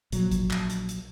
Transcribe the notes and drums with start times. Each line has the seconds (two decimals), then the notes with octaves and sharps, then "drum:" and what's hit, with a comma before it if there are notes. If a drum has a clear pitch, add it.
0.12 A#1 F#3, drum: hi-hat
0.32 drum: kick G#1, hi-hat
0.51 drum: clap
0.70 drum: hi-hat
0.89 drum: hi-hat